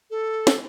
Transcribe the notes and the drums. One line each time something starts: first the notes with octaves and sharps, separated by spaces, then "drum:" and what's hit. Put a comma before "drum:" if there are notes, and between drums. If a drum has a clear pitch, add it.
A4
drum: snare